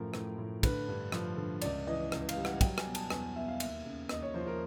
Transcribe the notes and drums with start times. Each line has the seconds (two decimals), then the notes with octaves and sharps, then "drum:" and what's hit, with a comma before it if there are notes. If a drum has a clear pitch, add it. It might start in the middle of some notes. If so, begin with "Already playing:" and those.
Already playing: F#2 A2 F3 A#4
0.14 A2, drum: rim click
0.38 A2
0.63 D3 B4, drum: kick, cymbal
0.88 G2
1.12 F3, drum: rim click
1.37 D3
1.62 C#2 D5, drum: cymbal
1.87 E3 D#5
2.12 C#2, drum: rim click
2.29 F5, drum: cymbal
2.36 G3
2.45 F#5, drum: rim click
2.61 F#3 G5, drum: kick, cymbal
2.78 G#5, drum: rim click
2.86 B2
2.95 A5, drum: cymbal
3.10 E2 G#5, drum: rim click
3.35 B2 E5
3.48 F5
3.60 D#2 E5, drum: cymbal
3.85 C#3
4.09 D#2 D#5, drum: rim click
4.22 C#5
4.34 F3 C5
4.47 A#4